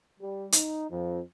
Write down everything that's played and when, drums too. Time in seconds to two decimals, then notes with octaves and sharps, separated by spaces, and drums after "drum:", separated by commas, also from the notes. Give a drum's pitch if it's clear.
0.20 G3
0.52 D#4, drum: hi-hat
0.90 F2